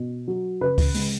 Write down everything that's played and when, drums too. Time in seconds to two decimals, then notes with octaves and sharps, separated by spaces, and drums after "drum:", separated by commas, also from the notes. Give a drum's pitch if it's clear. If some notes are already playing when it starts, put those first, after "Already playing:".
Already playing: B2
0.28 F#3
0.61 C#3 B4
0.78 drum: kick C#2, open hi-hat
0.94 G#3, drum: open hi-hat